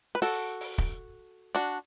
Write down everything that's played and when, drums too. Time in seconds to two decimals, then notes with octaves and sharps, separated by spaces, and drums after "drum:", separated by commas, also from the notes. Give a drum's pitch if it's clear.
0.15 B4
0.22 F#4 A4, drum: open hi-hat
0.61 drum: open hi-hat
0.78 drum: kick
1.55 D4 F#4